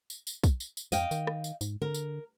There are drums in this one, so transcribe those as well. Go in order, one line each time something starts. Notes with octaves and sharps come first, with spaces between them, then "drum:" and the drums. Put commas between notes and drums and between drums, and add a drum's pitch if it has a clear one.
drum: tambourine
drum: tambourine
drum: kick, tambourine
drum: tambourine
drum: tambourine
F2 D#5 F5 G5, drum: tambourine
D#3, drum: tambourine
drum: rim click
drum: tambourine
G#2, drum: tambourine
D3 A#4
drum: tambourine